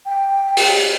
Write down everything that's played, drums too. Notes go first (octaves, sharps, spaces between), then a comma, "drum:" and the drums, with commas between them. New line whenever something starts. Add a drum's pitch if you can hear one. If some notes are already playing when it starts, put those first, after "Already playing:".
G5
drum: open hi-hat